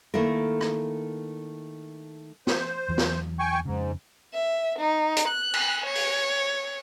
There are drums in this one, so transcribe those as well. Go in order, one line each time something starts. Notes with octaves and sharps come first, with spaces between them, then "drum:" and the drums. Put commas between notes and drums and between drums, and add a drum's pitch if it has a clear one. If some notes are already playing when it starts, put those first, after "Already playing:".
D#3 A3 A#3 E4 A4 A#4
drum: rim click
C5, drum: snare
E2 E3 F#3
drum: snare
G5 G#5 C#6
F2 G#2 C#3
E5
D#4
drum: hi-hat
F#6
drum: cymbal
C#5
drum: open hi-hat